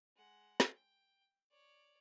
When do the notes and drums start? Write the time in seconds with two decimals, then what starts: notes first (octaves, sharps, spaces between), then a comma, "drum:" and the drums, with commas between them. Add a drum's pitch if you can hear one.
0.16 G#3 F#5
0.60 drum: snare
0.73 G5
1.51 C#5 D5